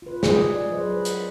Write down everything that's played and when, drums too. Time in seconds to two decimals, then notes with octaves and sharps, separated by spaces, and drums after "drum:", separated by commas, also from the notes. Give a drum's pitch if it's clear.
0.02 F4 B4
0.23 G#3 G#4, drum: snare
0.51 D5
0.72 F#3 B4 C5 D#5
0.90 B4
1.05 drum: hi-hat